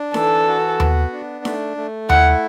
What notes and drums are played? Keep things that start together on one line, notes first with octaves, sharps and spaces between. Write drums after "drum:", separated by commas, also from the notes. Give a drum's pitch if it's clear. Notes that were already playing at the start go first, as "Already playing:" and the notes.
Already playing: D4
E3 A4, drum: snare D#4
F#4
B3, drum: tom D#2
D4
A3, drum: snare D#4
A3
E4 F#5, drum: tom D#2